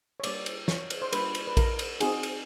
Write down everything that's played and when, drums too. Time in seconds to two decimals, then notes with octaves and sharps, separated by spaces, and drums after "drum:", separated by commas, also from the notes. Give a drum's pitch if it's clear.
0.20 C#5
0.24 G3 A#3 D4 G4 D5, drum: cymbal
0.46 drum: cymbal
0.68 C#5, drum: snare
0.90 drum: cymbal
1.02 C5
1.13 G3 A#3 D4 G4 B4, drum: cymbal
1.35 drum: cymbal
1.47 B4
1.57 A#4, drum: kick A#1, cymbal
1.79 drum: cymbal
2.00 C4 D#4 F#4 G#4, drum: cymbal
2.23 drum: cymbal